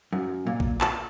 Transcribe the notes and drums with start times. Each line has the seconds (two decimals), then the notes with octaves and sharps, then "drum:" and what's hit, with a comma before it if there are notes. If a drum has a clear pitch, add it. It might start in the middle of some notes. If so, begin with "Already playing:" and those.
0.13 F#2
0.47 A#2
0.60 drum: kick A#1
0.81 A5, drum: clap